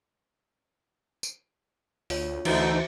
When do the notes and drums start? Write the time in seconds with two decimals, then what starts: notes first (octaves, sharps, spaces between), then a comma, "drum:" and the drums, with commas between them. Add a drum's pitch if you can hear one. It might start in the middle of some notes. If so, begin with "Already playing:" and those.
1.23 drum: tambourine
2.10 D2 F4 C#5, drum: open hi-hat
2.45 D2 D3 E3 D#4 F#4 C5 E5, drum: cymbal